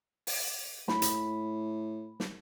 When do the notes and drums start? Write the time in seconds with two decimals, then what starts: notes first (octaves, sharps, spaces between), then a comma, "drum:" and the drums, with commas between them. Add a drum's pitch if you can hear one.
0.27 drum: open hi-hat
0.88 A2 B5, drum: snare
1.02 drum: hi-hat
2.20 drum: snare